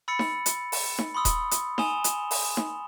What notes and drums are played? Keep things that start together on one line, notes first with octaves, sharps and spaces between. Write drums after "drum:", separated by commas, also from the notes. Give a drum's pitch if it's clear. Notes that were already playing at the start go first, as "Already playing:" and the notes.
B5 E6 A6 C#7
drum: snare D#4
drum: hi-hat
drum: open hi-hat
drum: snare D#4
B5 C6 D#6 E6
drum: kick D#1, hi-hat
drum: hi-hat
G#5 D#6 E7 F7 G7, drum: snare D#4
drum: hi-hat
drum: open hi-hat
drum: snare D#4